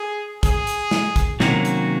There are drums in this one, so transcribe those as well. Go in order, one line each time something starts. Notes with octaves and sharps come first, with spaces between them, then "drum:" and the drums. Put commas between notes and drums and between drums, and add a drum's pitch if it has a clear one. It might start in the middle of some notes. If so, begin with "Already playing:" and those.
Already playing: G#4
G#4, drum: kick, hi-hat
drum: hi-hat
drum: snare
drum: kick, hi-hat
C3 D#3 F#3 A#3 C#4 F#4, drum: snare
drum: hi-hat